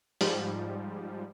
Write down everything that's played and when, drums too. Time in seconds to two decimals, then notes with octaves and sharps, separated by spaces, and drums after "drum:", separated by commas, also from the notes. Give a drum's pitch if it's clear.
0.21 G#2 F3 G3, drum: open hi-hat